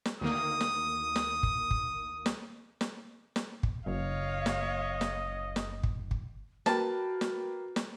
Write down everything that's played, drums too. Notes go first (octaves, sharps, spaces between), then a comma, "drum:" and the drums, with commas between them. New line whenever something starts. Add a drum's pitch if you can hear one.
drum: snare
D2 D#3 A#3 D#6
drum: snare
drum: snare
drum: kick
drum: kick
drum: snare
drum: snare
drum: snare
drum: kick
F#1 C#5 D#5 F5
drum: snare
drum: snare
drum: snare
drum: kick
drum: kick
A#3 F#4 B4 G5 A5, drum: snare
drum: snare
drum: snare